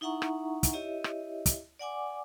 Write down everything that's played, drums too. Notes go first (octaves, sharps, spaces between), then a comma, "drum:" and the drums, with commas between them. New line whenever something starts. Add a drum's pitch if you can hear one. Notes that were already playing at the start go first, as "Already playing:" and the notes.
D#4 E4 E5 F#5 A#5 C#6
drum: rim click
drum: kick, hi-hat
E4 G4 C#5 D#5 E5
drum: rim click
drum: kick, hi-hat
D5 F#5 G#5 D6